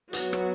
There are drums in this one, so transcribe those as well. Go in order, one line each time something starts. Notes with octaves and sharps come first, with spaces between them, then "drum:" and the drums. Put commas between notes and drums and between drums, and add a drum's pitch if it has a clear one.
F#3 B3 F#4, drum: hi-hat
drum: rim click